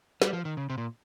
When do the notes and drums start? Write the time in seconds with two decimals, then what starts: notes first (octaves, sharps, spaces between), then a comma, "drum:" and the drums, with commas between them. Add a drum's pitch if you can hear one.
0.22 G3, drum: snare
0.33 F3
0.45 D#3
0.57 C#3
0.70 C3
0.78 A#2